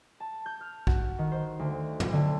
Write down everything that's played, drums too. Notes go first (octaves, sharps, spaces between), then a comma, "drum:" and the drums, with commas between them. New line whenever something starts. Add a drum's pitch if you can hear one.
A5
G6
F6
F#4, drum: kick
D#3
C5
D2
B1, drum: tom
D3